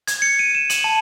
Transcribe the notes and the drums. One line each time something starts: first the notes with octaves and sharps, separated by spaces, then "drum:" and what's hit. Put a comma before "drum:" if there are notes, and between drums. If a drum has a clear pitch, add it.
G#6, drum: hi-hat
C#7
D#7
E7
F#7, drum: hi-hat
A5